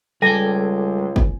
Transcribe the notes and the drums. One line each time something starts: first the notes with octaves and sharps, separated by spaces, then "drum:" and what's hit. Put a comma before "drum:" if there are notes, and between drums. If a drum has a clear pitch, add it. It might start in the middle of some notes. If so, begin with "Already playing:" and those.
C#2 G3 A4 G5 G#5 A#6
drum: kick